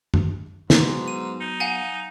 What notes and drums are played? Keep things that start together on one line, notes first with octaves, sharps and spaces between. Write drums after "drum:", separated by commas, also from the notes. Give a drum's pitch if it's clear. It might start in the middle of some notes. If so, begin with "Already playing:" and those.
drum: tom F#2
G#2 F#3 B3 B6, drum: snare
D#7
D#4
F5 F#5 G#5